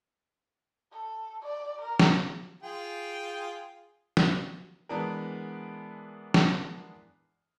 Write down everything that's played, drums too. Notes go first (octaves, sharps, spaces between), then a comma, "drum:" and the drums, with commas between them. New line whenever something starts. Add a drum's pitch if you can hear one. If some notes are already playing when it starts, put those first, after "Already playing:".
A4
D5
A#4
drum: snare
F4 G#4 G5
drum: snare
E3 G#3 B3 D4 A#4
drum: snare